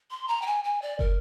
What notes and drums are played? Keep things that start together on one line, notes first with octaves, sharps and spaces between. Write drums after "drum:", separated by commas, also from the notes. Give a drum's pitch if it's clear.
C6
A#5
G5
G#5
G#5
D5
A#4, drum: kick